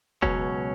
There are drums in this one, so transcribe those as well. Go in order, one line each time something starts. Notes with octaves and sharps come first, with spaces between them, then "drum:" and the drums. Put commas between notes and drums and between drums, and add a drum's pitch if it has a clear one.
C#2 B2 F#3 C#4, drum: kick F1